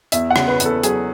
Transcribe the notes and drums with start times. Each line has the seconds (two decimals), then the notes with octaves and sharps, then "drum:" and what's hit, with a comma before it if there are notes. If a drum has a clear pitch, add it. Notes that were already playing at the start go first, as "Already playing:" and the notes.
0.12 E2 E5, drum: hi-hat
0.30 F#5
0.36 C#3, drum: rim click
0.48 B4
0.60 E2, drum: hi-hat
0.65 A4
0.83 F#3 G#4, drum: hi-hat